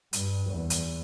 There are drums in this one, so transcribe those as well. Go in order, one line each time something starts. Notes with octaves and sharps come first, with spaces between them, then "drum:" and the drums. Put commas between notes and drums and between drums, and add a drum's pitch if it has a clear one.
G2, drum: hi-hat
E2
drum: hi-hat